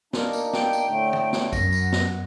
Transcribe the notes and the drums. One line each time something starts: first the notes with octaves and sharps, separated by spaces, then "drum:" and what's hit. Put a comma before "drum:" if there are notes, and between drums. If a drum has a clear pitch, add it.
A#3 D4 D#4 A#4, drum: snare
drum: tambourine
G5, drum: snare
drum: tambourine
A2 D3 A3
drum: tom
drum: snare
F#2 A#6, drum: kick, tambourine
drum: tambourine
F#5
drum: snare